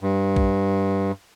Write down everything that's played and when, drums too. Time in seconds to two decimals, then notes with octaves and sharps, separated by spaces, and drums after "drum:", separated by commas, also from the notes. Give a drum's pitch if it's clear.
0.01 G2
0.36 drum: kick A#1